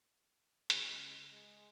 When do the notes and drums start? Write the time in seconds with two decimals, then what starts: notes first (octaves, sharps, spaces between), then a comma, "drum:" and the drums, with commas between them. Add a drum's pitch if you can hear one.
0.70 C#2 C#3 F#3 G#3, drum: hi-hat
1.32 G#3